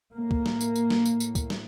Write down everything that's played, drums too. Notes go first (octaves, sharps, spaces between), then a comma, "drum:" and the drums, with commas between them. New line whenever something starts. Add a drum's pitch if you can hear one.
A2 A#3
drum: kick C#2
drum: snare
drum: tambourine
drum: tambourine
drum: snare
A2, drum: tambourine
drum: tambourine
drum: kick C#2, tambourine
drum: snare